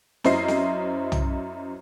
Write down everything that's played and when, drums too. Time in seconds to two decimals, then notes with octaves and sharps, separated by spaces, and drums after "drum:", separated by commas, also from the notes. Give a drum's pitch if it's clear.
0.24 F#2 E4 C5 D#5 C7, drum: snare
0.48 drum: snare
1.12 drum: tom